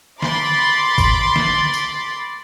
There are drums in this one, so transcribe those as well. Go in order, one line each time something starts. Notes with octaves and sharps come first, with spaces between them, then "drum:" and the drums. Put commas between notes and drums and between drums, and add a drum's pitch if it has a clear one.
B5 C6 D6 A6, drum: snare
drum: kick, tambourine
drum: snare
drum: tambourine